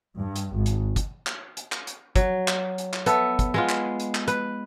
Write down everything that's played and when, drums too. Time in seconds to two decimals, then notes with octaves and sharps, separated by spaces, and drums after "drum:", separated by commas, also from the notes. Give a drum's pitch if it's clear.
0.19 G2
0.36 drum: hi-hat
0.56 G#1
0.66 drum: hi-hat
0.96 drum: kick, hi-hat
1.27 drum: clap
1.57 drum: hi-hat
1.72 drum: clap
1.87 drum: hi-hat
2.16 F#3, drum: kick, hi-hat
2.48 drum: clap
2.78 drum: hi-hat
2.93 drum: clap
3.06 B3 A4 E5, drum: hi-hat
3.39 drum: kick, hi-hat
3.54 G#3 B3 F4
3.69 drum: clap
4.00 drum: hi-hat
4.15 drum: clap
4.28 B4, drum: hi-hat